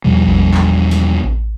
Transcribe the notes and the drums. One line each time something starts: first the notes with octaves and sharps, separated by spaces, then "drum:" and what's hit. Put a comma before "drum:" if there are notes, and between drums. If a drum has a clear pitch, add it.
E2 B2 F3 G3
drum: kick A1
drum: clap
drum: snare
drum: kick A1